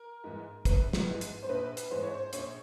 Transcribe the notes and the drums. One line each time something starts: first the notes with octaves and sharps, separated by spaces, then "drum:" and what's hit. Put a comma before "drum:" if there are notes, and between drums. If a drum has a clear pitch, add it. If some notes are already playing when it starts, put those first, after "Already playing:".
Already playing: A#4
G#2 E3
A#1 B4, drum: kick, hi-hat
drum: snare
G#2 E3
drum: hi-hat
C5
A#1 B4
drum: hi-hat
G#2 E3 C5
C#5
C5
A#1 C#5, drum: hi-hat